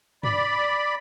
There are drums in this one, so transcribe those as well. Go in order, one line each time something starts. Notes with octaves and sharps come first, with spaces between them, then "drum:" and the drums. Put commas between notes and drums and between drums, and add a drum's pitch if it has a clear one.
D5 B5, drum: tom